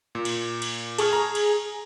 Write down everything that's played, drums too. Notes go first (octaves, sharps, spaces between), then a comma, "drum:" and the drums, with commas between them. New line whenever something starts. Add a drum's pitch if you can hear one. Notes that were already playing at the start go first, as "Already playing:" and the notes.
A#2
drum: cymbal
drum: cymbal
G#4 A5 C#6 F6, drum: cymbal
A#5
drum: cymbal